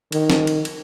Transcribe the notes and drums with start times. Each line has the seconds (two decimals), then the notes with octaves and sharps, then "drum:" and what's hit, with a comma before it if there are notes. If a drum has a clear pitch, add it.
0.12 D#3, drum: cymbal
0.30 drum: snare
0.47 drum: cymbal
0.65 drum: cymbal